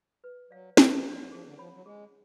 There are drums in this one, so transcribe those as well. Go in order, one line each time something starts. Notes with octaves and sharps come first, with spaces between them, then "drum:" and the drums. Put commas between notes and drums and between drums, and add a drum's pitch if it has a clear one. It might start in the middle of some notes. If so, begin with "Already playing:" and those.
B4
F#3 D5 F5
F3 B4, drum: snare
D3
F3 D5 F5
F#3
F3 G#4
D3
F3 C#5 F#5 B5
F#3
G#3 G#4